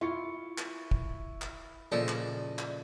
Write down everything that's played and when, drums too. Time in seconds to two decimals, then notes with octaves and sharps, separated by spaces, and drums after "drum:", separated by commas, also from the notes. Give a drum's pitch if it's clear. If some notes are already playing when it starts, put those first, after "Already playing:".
0.01 E4 F4 C#6 C#7
0.58 drum: clap
0.91 drum: kick
1.42 drum: clap
1.92 A#2 C#3 F3 A4 D5 D#5
2.08 drum: clap
2.59 drum: clap